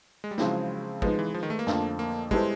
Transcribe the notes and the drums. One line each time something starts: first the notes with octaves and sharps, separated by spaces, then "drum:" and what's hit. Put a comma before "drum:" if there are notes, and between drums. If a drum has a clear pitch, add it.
G#3
G3
C#3 F3 F#3 G#3 C4 E4, drum: snare
F3 G#3 B3 D#4, drum: kick
E3
F3
D#3
A3
A#3
F2 D3 F3 A3, drum: snare
A#3
G3 G#3 B3 E4 A4 C5, drum: kick